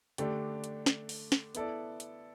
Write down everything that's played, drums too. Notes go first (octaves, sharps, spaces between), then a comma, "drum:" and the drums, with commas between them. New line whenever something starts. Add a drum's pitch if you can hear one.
D3 A3 D4 G4, drum: hi-hat
drum: hi-hat
drum: snare
drum: open hi-hat
drum: snare
B3 E4 A4 D5, drum: hi-hat
drum: hi-hat